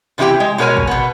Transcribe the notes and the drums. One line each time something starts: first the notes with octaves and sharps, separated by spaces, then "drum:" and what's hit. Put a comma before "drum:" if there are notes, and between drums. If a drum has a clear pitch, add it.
C3 E3 E4 G4 G5
G#3
B2 G#3 A#4 C#5 G#5
drum: kick
B2 B3